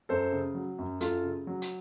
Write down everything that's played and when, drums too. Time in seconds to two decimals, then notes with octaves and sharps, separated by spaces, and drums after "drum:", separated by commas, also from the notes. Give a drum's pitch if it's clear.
0.09 F#2 A4 C5
0.32 C#3
0.55 F#3
0.79 F#2
1.01 F#2 F4 A4, drum: hi-hat
1.24 C#3
1.47 F#3
1.62 drum: hi-hat